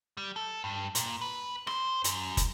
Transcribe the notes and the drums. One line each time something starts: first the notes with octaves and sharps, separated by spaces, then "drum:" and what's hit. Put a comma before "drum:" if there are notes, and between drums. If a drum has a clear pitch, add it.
G3
A4
G2
A#2, drum: hi-hat
B4
C5, drum: rim click
F#2, drum: hi-hat
drum: kick, hi-hat